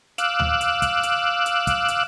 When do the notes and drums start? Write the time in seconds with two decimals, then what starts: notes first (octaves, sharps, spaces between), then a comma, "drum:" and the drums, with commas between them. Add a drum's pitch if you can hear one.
0.18 F5 D6 E6 F#6, drum: hi-hat
0.40 drum: tom D2
0.61 drum: hi-hat
0.82 drum: kick, hi-hat
1.03 drum: hi-hat
1.46 drum: hi-hat
1.67 drum: kick, hi-hat
1.88 drum: hi-hat